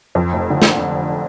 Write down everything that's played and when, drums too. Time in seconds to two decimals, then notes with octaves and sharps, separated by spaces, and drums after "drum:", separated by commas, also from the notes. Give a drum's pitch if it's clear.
0.15 F2
0.33 F1
0.50 D3
0.62 drum: snare